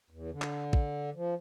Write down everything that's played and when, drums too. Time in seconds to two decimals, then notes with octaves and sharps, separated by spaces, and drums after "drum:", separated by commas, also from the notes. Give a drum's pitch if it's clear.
0.10 E2
0.31 D3
0.42 drum: clap
0.73 drum: kick
1.15 F3